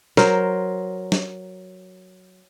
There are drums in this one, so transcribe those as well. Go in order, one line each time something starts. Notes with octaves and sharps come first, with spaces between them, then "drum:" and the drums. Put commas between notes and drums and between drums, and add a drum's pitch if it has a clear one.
F#3 A#4 C5, drum: snare
drum: snare